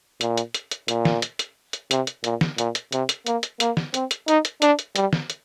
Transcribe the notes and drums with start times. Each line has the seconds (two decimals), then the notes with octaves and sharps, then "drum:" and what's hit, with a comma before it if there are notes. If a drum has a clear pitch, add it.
0.21 A#2, drum: hi-hat
0.37 drum: hi-hat
0.54 drum: hi-hat
0.71 drum: hi-hat
0.88 A#2, drum: hi-hat
1.05 drum: snare
1.22 drum: hi-hat
1.39 drum: hi-hat
1.73 drum: hi-hat
1.91 C3, drum: hi-hat
2.07 drum: hi-hat
2.24 A#2, drum: hi-hat
2.41 drum: snare
2.58 A#2, drum: hi-hat
2.75 drum: hi-hat
2.92 C3, drum: hi-hat
3.09 drum: hi-hat
3.26 A#3, drum: hi-hat
3.43 drum: hi-hat
3.60 A#3, drum: hi-hat
3.77 drum: snare
3.94 C4, drum: hi-hat
4.11 drum: hi-hat
4.28 D#4, drum: hi-hat
4.45 drum: hi-hat
4.62 D4, drum: hi-hat
4.79 drum: hi-hat
4.96 G3, drum: hi-hat
5.13 drum: snare
5.30 drum: hi-hat